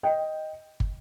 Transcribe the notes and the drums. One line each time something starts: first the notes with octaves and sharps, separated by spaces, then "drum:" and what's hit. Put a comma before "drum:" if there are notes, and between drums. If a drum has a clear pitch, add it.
D#5 G5
drum: kick